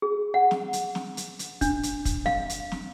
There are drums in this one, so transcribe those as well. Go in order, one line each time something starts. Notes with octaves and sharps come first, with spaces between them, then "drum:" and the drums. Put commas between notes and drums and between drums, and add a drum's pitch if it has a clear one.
G#4
F#5
drum: snare
drum: hi-hat
drum: snare
drum: hi-hat
drum: hi-hat
D4, drum: kick, hi-hat
drum: hi-hat
drum: kick, hi-hat
F5, drum: snare
drum: hi-hat
drum: snare